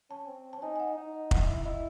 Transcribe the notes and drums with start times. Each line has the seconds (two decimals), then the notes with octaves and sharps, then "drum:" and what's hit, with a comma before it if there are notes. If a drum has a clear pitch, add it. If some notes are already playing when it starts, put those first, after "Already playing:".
0.10 C#4 A5
0.28 C4
0.53 A5
0.58 C#4
0.62 D#4 G#5
0.76 G#5
0.80 F#5
0.97 D#4
1.31 E4 F#5, drum: kick F1
1.39 D#4
1.46 E4 E5
1.65 E4 D#5